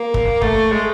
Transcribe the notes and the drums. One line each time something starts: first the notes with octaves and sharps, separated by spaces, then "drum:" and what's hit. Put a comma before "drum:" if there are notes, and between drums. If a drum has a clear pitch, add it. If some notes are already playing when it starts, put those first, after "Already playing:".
Already playing: A#3
drum: kick
A3, drum: kick
G#3